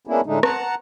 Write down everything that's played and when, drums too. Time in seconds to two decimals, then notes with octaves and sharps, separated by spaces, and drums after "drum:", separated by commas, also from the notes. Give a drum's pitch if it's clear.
0.07 G#3 A#3 B3 C#4 D4 E4
0.26 A2 D3 G#3 A3 D4 D#4
0.43 F#5 A5 A#5, drum: rim click